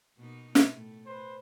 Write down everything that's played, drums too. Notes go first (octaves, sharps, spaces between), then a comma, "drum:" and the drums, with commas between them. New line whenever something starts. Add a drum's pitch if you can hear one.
B2 A#3 D#4
drum: snare
A2 A3
B4 C5